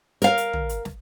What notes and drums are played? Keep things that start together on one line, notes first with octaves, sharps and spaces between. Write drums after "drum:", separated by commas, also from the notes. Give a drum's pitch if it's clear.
A#4 F5, drum: hi-hat
drum: hi-hat
drum: tom
drum: hi-hat
drum: snare